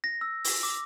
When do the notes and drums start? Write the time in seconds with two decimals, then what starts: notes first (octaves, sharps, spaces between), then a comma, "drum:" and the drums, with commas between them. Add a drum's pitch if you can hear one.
0.04 A#6
0.21 E6
0.44 drum: open hi-hat
0.63 D6